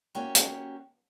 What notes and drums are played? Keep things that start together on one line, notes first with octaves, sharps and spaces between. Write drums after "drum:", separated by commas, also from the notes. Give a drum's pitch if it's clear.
A#3 C#4 F#4 G4
drum: hi-hat